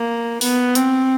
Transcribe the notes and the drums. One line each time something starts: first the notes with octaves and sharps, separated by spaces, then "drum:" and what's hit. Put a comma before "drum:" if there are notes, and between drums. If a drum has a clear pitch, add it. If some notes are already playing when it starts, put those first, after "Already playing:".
Already playing: A#3
B3, drum: open hi-hat
C4, drum: hi-hat